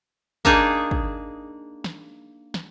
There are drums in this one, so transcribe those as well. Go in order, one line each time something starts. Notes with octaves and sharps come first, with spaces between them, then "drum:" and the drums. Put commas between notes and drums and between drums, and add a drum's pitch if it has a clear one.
A#3 D4 D#4 G#4, drum: kick
drum: kick
drum: snare
drum: snare